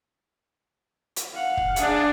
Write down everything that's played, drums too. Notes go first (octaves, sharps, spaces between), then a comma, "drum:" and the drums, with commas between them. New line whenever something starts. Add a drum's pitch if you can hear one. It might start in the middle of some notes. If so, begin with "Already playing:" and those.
drum: hi-hat
F5 F#5
drum: kick
D4 G#4, drum: hi-hat